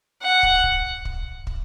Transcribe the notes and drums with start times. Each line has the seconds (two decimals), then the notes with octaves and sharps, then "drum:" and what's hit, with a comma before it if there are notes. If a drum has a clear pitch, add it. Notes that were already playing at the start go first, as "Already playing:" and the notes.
0.23 F#5
0.43 drum: kick
0.64 drum: kick
1.05 drum: kick
1.47 drum: kick